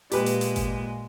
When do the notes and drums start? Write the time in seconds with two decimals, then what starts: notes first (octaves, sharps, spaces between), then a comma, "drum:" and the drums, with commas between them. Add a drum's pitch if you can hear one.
0.12 A#2 G#3 G4 B4, drum: hi-hat
0.26 drum: hi-hat
0.41 drum: hi-hat
0.56 drum: kick G#1, hi-hat